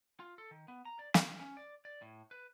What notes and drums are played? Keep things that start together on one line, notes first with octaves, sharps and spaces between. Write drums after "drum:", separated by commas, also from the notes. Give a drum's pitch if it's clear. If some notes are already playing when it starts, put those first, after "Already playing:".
F4
A4
D#3
B3
A#5
D5
F5, drum: snare
C#4
D5
D5
A2
B4